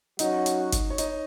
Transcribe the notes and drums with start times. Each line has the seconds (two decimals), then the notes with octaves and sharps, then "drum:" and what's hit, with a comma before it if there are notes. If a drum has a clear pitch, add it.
0.19 F#3 C#4 D#4 F#4 D#5, drum: hi-hat
0.46 drum: hi-hat
0.73 drum: kick, hi-hat
0.90 C#5
0.98 D#4 D#5, drum: hi-hat